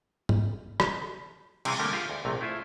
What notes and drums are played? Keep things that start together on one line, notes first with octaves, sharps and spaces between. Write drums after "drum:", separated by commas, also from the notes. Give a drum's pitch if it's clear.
drum: tom
drum: rim click
C3 E3 G3 G#4 A#5, drum: cymbal
D3 G3 A3 A#3 G4
F4 G4 G#4
D2
A#1 C3 A3 A#5
A3 E4 F4 E5